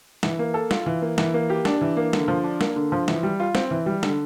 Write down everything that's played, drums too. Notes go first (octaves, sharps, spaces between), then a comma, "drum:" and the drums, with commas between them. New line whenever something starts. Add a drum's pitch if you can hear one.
E3, drum: snare
A#3
A4
F4, drum: snare
E3
A#3
E3, drum: snare
A#3
G4
D4, drum: snare
E3
A#3
D3, drum: snare
F3
D4
A#3, drum: snare
D3
F3
E3, drum: snare
G3
F4
C4, drum: snare
E3
G3
D3, drum: snare